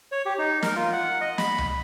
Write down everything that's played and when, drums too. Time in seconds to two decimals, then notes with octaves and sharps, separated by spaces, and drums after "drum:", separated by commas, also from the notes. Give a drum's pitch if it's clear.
0.12 C#5
0.26 G4
0.38 D#4
0.63 A#4, drum: snare
0.76 F4
0.93 F#5
1.21 D#5
1.38 B5, drum: snare
1.58 drum: tom C#2